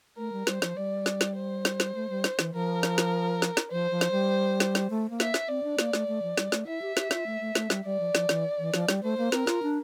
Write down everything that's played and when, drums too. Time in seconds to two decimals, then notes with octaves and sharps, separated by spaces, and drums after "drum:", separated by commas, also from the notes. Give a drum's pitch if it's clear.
0.17 A3 A#4
0.32 G3
0.47 G3 C5, drum: snare
0.62 F3, drum: snare
0.76 G3 D5
1.06 drum: snare
1.21 drum: snare
1.36 C5
1.65 drum: snare
1.80 drum: snare
1.95 A3
2.10 G3
2.24 drum: snare
2.39 E3, drum: snare
2.54 F3 A#4
2.83 drum: snare
2.98 drum: snare
3.42 drum: snare
3.57 drum: snare
3.72 F3 C5
3.91 F3
4.01 drum: snare
4.11 G3
4.60 drum: snare
4.75 drum: snare
4.90 A3
5.10 A#3
5.20 E5, drum: snare
5.34 drum: snare
5.49 C4 D5
5.63 D4
5.79 A#3, drum: snare
5.93 A3, drum: snare
6.08 A3
6.23 F3
6.37 G3, drum: snare
6.52 A3, drum: snare
6.67 E4 E5
6.82 G4
6.97 G4, drum: snare
7.11 F4, drum: snare
7.26 A3
7.41 A3
7.55 A3, drum: snare
7.70 G3, drum: snare
7.85 G3 D5
8.00 F3
8.15 F3, drum: snare
8.29 E3, drum: snare
8.59 E3
8.74 F3, drum: snare
8.89 G3, drum: snare
9.03 A3 C5
9.18 A#3
9.32 C4 A#4, drum: snare
9.47 F4, drum: snare
9.63 D4